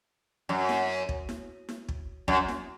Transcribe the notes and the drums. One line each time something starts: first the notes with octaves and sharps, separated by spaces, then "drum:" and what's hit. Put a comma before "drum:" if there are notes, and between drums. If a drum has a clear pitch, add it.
F#2
drum: snare E4
drum: kick
drum: snare E4
drum: snare E4
drum: kick
F#2, drum: kick
drum: snare E4